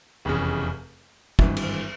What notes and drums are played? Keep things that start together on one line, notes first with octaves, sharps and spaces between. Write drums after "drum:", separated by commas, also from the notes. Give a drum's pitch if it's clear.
F1 E2 C#3
G#1 G2 E3, drum: kick
drum: cymbal